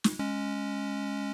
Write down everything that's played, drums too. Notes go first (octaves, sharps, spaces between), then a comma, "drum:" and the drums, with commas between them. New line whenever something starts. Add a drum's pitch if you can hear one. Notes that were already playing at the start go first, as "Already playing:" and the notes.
drum: snare
G#3 C#4